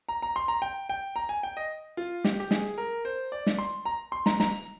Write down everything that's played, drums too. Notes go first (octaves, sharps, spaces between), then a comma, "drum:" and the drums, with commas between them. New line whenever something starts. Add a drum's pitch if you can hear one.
A#5
A#5
C6
A#5
G5
G5
A#5
G#5
G5
D#5
F4
G4, drum: snare
G4
G#4, drum: snare
A#4
C5
D5
drum: snare
C6
A#5
C6
A#5, drum: snare
A#5, drum: snare